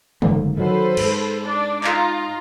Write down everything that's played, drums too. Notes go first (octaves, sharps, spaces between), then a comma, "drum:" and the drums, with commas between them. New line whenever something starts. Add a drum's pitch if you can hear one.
F#1 G#2 A#3, drum: tom D3
D#3 F#3 A4 B4 C5
G#2, drum: cymbal
D4 D5
D#4 F4 A#5, drum: clap